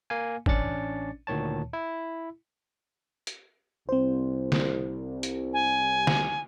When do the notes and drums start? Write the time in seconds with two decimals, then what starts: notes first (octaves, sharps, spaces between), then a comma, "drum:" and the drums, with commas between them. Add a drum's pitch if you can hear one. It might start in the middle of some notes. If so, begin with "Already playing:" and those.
0.10 A#3 F5 G#5
0.46 A1 C#4 D4 D5 A6 C#7, drum: kick
1.27 D2 A#2 D#3 C#5 A5
1.73 E4
3.27 drum: hi-hat
3.89 C2 C4 C5
4.52 drum: snare
5.23 drum: hi-hat
5.53 G#5
6.07 drum: snare